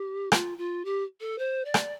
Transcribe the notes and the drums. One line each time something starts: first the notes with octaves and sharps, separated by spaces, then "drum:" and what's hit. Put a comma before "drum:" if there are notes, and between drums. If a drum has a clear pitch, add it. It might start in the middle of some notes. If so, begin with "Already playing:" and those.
Already playing: G4
F4, drum: rim click
F4
G4
A4
C5
D5
drum: rim click